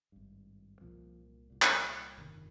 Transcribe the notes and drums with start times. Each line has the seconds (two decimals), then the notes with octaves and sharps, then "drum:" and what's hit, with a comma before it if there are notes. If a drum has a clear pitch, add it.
0.12 G#1 G2
0.81 C2 A#2 F3
1.50 C2 A#2
1.62 drum: clap
2.18 G1 F2 C3 D#3